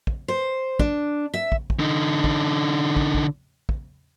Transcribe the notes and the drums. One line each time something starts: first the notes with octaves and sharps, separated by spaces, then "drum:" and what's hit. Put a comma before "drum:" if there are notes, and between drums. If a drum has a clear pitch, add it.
drum: kick
C5
D4, drum: kick
E5
drum: kick
drum: kick
D3 D#4
drum: kick
drum: kick
drum: kick
drum: kick